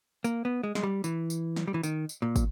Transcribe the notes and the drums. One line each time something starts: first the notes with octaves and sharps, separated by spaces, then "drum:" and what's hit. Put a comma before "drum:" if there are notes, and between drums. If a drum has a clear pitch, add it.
A#3, drum: tambourine
B3
G#3
G#3, drum: snare
G3
E3, drum: tambourine
drum: tambourine
drum: snare
G3
E3
D#3, drum: tambourine
drum: tambourine
A#2
drum: kick, tambourine